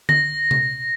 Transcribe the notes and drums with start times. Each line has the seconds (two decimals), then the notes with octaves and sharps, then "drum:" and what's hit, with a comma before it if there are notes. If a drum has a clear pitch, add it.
0.09 A#6, drum: tom D3
0.51 drum: tom C3